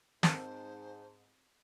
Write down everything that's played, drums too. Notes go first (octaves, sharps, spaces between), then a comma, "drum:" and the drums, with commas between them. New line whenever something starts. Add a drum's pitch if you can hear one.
G#2 C4 A#4 C5 A5, drum: snare